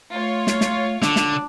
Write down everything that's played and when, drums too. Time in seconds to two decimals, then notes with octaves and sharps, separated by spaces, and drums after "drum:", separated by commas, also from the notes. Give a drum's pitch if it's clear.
0.13 A3 F4 C#5
0.47 drum: snare
0.61 drum: snare
1.02 D3 D4, drum: snare
1.16 drum: snare